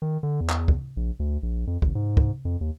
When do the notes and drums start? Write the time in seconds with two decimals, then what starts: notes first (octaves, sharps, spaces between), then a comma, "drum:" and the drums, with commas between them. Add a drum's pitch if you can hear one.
0.02 D#3
0.23 D3
0.41 E2
0.50 drum: clap
0.68 drum: kick
0.97 A#1
1.19 D2
1.43 A#1
1.67 F2
1.82 G#1, drum: kick
1.95 G#2
2.17 drum: kick
2.45 F2
2.61 D#2